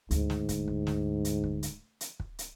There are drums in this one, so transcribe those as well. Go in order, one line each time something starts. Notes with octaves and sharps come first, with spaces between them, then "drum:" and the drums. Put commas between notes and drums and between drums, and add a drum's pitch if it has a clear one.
D2 G#2, drum: hi-hat
drum: snare
drum: kick, hi-hat
drum: kick
drum: snare
drum: hi-hat
drum: kick
drum: hi-hat
drum: hi-hat
drum: kick
drum: hi-hat